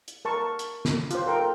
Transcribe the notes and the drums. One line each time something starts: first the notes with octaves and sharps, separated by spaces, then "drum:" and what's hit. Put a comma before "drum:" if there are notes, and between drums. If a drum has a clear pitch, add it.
drum: hi-hat
A#4 A5 C#6
drum: hi-hat
drum: snare
F4 C5, drum: hi-hat
A4 A#4 G5